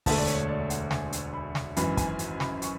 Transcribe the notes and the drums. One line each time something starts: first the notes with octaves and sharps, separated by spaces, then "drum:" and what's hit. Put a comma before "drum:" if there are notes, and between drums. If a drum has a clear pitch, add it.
E1 D2 D3 A3 A5, drum: kick, open hi-hat
D5
C#5, drum: hi-hat
D5
F#5, drum: hi-hat
G#5, drum: snare
drum: hi-hat
B5
drum: snare
G#1 F#2 E3 B5, drum: hi-hat
G#5, drum: kick, hi-hat
drum: hi-hat
B5, drum: snare
C#6, drum: hi-hat